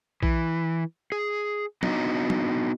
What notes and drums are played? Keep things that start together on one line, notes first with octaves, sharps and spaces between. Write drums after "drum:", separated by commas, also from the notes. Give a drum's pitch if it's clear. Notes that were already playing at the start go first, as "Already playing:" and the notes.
E3, drum: kick A#1
G#4
B3 D4 D#4 F#4 D#5 A#5, drum: tom
drum: tom